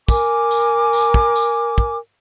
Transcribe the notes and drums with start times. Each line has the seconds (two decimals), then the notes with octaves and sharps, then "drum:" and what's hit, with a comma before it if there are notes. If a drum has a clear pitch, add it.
0.08 A#4 G#5 D6, drum: kick, tambourine
0.51 drum: tambourine
0.93 drum: tambourine
1.14 drum: kick
1.35 drum: tambourine
1.78 drum: kick